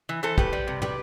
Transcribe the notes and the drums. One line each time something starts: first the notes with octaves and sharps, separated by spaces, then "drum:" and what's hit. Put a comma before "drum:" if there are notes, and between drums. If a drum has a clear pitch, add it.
E3
E3 A4 C5
A2 G4 B4, drum: kick
G3
C3
G3 G4 B4, drum: tom